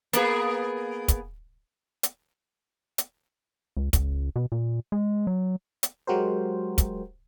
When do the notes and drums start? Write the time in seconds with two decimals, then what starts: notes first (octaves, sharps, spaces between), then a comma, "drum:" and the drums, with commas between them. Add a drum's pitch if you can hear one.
0.13 A#3 B3 G#4, drum: hi-hat
1.08 drum: kick, hi-hat
2.03 drum: hi-hat
2.98 drum: hi-hat
3.77 C#2
3.93 C#2, drum: kick, hi-hat
4.36 B2
4.52 A#2
4.92 G#3
5.27 F#3
5.83 drum: hi-hat
6.07 F#3 G#3 F#4 G4 A#4 C5
6.78 drum: kick, hi-hat